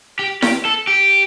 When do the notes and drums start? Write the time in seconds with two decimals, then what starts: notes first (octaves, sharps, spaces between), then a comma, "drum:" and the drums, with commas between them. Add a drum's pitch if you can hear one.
0.19 G4
0.42 G4, drum: snare E4
0.65 A4
0.87 G4